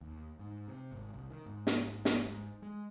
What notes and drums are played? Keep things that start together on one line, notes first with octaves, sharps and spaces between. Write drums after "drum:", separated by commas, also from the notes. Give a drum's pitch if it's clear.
D#2
G#2
C3
G#1
C2
D#3
G#2
drum: snare
drum: snare
G#2
G#3